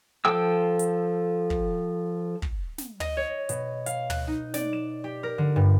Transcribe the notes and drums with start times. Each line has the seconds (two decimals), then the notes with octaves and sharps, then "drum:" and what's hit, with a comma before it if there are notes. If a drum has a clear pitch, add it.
0.25 F3 A4 G5 E6
0.79 drum: hi-hat
1.50 drum: kick
2.42 drum: kick
2.78 drum: snare
3.00 D#5, drum: tom
3.17 C#5
3.49 B2, drum: hi-hat
3.86 F5, drum: hi-hat
4.10 F#6, drum: tom
4.27 D#4
4.54 D5, drum: snare
4.73 E7
5.04 G4
5.23 A#4
5.38 D3
5.56 G2